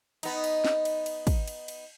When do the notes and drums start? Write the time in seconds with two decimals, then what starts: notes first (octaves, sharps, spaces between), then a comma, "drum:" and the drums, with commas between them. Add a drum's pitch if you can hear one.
0.23 B3 D#4, drum: cymbal
0.44 drum: cymbal
0.65 drum: snare
0.85 drum: cymbal
1.06 drum: cymbal
1.27 drum: kick, cymbal
1.48 drum: cymbal
1.68 drum: cymbal